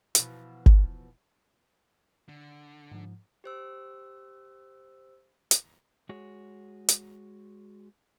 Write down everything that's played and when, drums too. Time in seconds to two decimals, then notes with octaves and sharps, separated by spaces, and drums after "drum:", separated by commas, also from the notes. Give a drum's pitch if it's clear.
0.15 B2 E3 F3, drum: hi-hat
0.66 drum: kick G1
2.29 D3
2.91 G#2 F3
3.44 G4 C5 E6
5.51 drum: hi-hat
6.09 G#3 F#4 G#4 C#5
6.89 drum: hi-hat